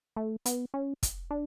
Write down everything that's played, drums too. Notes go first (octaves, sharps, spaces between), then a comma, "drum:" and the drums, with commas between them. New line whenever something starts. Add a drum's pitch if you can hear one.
A3
B3, drum: hi-hat
C#4
drum: kick, hi-hat
D4